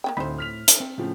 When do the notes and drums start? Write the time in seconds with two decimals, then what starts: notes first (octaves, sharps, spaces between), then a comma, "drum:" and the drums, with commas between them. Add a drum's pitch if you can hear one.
0.04 A#3 C#4 G5
0.17 D2 A2 C4 D#4 C5 B5
0.38 F6 B6 F7
0.68 drum: hi-hat
0.80 C4
0.98 A2 C#3 F3